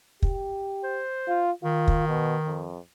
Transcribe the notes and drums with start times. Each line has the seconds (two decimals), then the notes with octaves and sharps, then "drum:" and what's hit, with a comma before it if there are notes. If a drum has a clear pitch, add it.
0.22 G4, drum: kick
0.84 C5
1.28 F4
1.63 D#3 F4
1.88 drum: kick
2.08 B2
2.47 F2